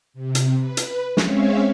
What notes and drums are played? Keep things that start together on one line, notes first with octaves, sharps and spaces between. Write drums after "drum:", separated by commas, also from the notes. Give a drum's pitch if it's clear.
C3
drum: hi-hat
B4
drum: hi-hat
G#3 C4 C#4 C#5 E5 F5, drum: snare